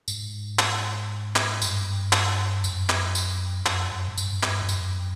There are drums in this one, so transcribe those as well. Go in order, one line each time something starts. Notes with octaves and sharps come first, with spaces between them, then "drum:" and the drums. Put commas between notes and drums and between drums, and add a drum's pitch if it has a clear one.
G#2, drum: tambourine
drum: clap
drum: clap
G2, drum: tambourine
drum: clap
F#2, drum: tambourine
drum: clap
drum: tambourine
F#2, drum: clap
F#2
G#2
G2, drum: tambourine
G2, drum: clap
F2
F#2, drum: tambourine